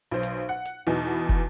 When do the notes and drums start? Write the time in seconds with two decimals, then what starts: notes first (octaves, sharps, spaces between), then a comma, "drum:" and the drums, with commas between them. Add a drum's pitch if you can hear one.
0.11 B1 C5
0.23 drum: hi-hat
0.49 F#5
0.66 drum: hi-hat
0.87 E2 B2 E3 D#4
1.29 drum: kick